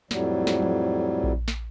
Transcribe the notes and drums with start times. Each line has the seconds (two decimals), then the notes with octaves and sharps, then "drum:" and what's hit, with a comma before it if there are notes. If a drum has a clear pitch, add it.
0.11 F2 A2 F#3 G3, drum: snare
0.47 drum: snare
0.62 drum: tom F3
1.24 drum: kick A#1
1.48 drum: snare